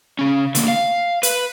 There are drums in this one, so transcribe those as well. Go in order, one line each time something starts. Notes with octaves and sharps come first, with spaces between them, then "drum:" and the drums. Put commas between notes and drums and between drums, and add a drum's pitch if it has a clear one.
C#3 C#4
D3 A#3, drum: hi-hat
F5
B4, drum: hi-hat